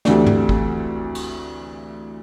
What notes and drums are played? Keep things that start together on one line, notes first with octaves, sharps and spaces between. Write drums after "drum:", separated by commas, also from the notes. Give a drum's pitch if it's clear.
D2 C3 E3 A3 D4, drum: snare
drum: tom
drum: kick
drum: cymbal